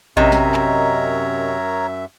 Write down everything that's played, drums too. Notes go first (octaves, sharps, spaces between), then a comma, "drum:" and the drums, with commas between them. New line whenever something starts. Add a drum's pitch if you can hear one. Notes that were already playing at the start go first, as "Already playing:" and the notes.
F#2 C3 C#4 A#4 C#5 D#5 E5 A#5, drum: kick A#1
drum: snare
drum: clap